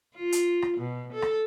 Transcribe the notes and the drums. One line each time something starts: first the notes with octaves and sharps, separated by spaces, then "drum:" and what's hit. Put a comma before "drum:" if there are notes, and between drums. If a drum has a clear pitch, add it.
F4
drum: hi-hat
drum: rim click
B2
A4
drum: rim click